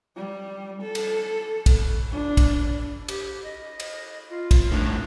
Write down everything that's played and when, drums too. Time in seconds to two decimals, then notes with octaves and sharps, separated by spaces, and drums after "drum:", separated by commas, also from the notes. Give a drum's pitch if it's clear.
0.17 G3
0.82 A4
0.95 drum: cymbal
1.66 drum: kick, cymbal
2.12 D4
2.37 drum: kick, cymbal
3.08 G4, drum: cymbal
3.44 D#5
3.80 drum: cymbal
4.30 F4
4.51 drum: kick, cymbal
4.72 A2 D#3 D4